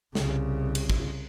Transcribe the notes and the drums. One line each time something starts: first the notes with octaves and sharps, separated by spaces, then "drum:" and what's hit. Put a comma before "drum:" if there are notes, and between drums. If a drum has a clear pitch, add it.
C2 C#3, drum: snare
drum: cymbal
drum: kick